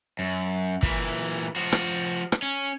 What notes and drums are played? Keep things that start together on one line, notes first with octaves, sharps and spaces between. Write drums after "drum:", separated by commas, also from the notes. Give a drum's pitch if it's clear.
F#2
A#2 E3, drum: kick
F3 F#4
drum: rim click
drum: rim click
C#4